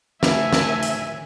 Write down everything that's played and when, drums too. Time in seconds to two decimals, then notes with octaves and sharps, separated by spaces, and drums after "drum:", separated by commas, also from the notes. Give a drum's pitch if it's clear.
0.23 A3 E5 G#5, drum: snare
0.53 drum: snare
0.82 drum: hi-hat